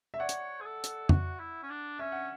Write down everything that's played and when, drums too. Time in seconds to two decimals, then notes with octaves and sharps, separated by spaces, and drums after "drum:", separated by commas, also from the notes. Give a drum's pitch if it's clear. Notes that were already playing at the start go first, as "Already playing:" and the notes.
0.14 E5
0.19 C#5 D5 F#5
0.29 drum: hi-hat
0.61 G#4
0.66 A4
0.84 drum: hi-hat
1.09 F#4, drum: tom F2
1.39 E4
1.63 C#4
1.70 D4
1.99 C#4 E5
2.12 F#5